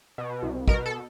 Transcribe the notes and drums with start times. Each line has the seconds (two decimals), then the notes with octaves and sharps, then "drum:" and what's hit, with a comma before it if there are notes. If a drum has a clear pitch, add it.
0.18 B2
0.43 C2
0.68 B2 A#4, drum: kick
0.86 A4